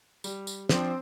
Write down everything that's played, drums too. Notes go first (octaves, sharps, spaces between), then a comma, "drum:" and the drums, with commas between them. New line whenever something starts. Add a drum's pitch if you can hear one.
G3, drum: tambourine
drum: tambourine
F3 C4 D4, drum: snare